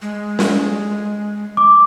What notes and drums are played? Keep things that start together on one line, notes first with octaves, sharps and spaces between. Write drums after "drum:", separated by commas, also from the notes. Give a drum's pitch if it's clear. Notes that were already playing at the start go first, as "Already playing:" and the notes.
G#3
drum: snare
D6